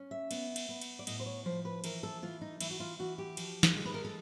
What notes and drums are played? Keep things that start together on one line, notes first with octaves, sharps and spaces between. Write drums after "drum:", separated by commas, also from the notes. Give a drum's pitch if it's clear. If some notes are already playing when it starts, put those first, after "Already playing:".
Already playing: C#4
E5
B3, drum: cymbal
drum: cymbal
B3
drum: cymbal
D5
A2 D#5, drum: cymbal
C5
C#5
F3 C5
B4
E3 A#4, drum: cymbal
A4
E3 F4
D#4
E3 E4, drum: cymbal
F#4
F4
E3 F#4
G4
F3, drum: cymbal
drum: snare
G#3
B4
A#4
A4